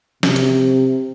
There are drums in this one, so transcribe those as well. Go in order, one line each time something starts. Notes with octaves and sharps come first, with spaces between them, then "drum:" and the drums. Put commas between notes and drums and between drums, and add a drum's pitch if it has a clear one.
C3, drum: snare
drum: hi-hat